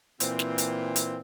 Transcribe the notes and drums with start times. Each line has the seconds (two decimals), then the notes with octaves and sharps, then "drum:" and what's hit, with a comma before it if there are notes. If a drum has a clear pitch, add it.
0.20 A#2 E3 C4, drum: hi-hat
0.39 drum: snare
0.58 drum: hi-hat
0.96 drum: hi-hat